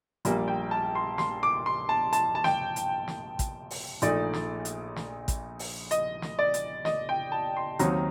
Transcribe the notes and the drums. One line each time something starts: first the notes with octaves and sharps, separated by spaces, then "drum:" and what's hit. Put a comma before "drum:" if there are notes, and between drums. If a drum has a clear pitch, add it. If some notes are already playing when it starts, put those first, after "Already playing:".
A#1 A#2 G3 A#3, drum: hi-hat
G5
A5
C6
C6, drum: snare
D6
C6
A5
A5, drum: hi-hat
A5
G5, drum: snare
drum: hi-hat
drum: snare
drum: kick, hi-hat
drum: open hi-hat
A#1 A#2 A3 D#4 D5, drum: hi-hat
drum: snare
drum: hi-hat
drum: snare
drum: kick, hi-hat
drum: open hi-hat
D#5, drum: hi-hat
drum: snare
D5
drum: hi-hat
D#5, drum: snare
G5
A5
C6
D#2 D#3 F#3 C4 D#4 A#5, drum: hi-hat